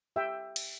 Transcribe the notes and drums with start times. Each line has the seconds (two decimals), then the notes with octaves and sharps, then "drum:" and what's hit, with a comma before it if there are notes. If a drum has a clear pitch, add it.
0.16 G4 E5 G5
0.56 drum: cymbal